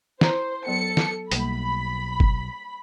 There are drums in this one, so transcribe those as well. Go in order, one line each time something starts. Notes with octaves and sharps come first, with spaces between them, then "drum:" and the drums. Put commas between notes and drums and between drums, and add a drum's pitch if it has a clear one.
E4 C5 A#5 C6, drum: snare
F#3 B3 A4 C#7
drum: snare
B1 G3 A#3 B5, drum: hi-hat
drum: kick